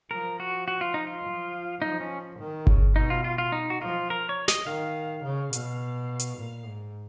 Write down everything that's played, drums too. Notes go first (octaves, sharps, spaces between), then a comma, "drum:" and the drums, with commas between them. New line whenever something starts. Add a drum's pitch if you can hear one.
F3 A#4
F#4
F#4
F4
D#4
F4
F3
F3 D#4
C#4
D#3
C#3, drum: kick G1
B2 D#4
F4
F4
F4
D#4
F#4
F3 F4
A#4
C#5
D#5, drum: snare
D#3 F5
C#3
B2, drum: hi-hat
drum: hi-hat
A#2
G#2